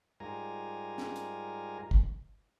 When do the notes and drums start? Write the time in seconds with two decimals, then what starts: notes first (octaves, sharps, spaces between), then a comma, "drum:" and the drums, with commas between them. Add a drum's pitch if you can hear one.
0.20 G#2 G3 F4 A#4 G#5 A#5
0.98 drum: snare
1.16 drum: hi-hat
1.91 drum: kick